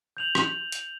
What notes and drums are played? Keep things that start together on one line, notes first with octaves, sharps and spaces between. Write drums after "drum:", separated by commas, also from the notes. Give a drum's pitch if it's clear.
G6 F7 F#7
drum: rim click
drum: hi-hat